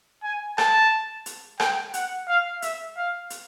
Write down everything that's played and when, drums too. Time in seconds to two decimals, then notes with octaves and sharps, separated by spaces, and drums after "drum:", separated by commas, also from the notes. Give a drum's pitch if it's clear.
0.23 G#5
0.58 A5, drum: rim click
1.26 drum: hi-hat
1.60 G5, drum: rim click
1.94 F#5, drum: hi-hat
2.28 F5
2.62 E5, drum: hi-hat
2.97 F5
3.30 drum: hi-hat